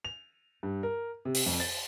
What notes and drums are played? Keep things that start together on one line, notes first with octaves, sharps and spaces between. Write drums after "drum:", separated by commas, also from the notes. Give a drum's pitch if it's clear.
F7
G2
A#4
C3
drum: open hi-hat
F2
A6